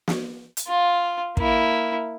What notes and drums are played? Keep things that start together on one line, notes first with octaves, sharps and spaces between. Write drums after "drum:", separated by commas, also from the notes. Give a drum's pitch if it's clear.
drum: snare
drum: hi-hat
F4
A#3 E4, drum: kick